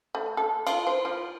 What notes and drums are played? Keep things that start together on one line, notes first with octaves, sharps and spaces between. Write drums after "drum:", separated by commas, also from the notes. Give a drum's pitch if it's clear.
A3
A4
F4, drum: cymbal
C5
F3